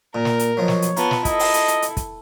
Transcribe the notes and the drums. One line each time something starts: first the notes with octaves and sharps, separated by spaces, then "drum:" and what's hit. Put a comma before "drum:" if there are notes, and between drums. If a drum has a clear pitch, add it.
A#2 A#4
drum: snare
drum: hi-hat
B2 F3 F#3 C#5
drum: snare
drum: hi-hat
B3 F4 A5 A#5, drum: hi-hat
drum: snare
E4 A4 D#5, drum: kick, hi-hat
drum: open hi-hat
drum: hi-hat
drum: hi-hat
drum: hi-hat
drum: kick, hi-hat